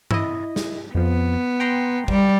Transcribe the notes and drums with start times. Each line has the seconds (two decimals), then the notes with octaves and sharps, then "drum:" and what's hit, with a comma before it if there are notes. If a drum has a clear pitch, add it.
0.11 E4 D#5, drum: tom G2
0.56 drum: snare
0.95 F2 F3 B3
1.60 G5 A#5 C6
2.08 G3, drum: kick